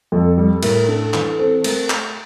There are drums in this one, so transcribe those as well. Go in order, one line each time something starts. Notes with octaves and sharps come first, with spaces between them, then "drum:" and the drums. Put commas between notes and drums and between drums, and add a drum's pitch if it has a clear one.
F2 A4
G3 A4
A2 A#4, drum: cymbal
D4 A4
E3 A4, drum: clap
C4 A4
A3 A#4, drum: cymbal
drum: clap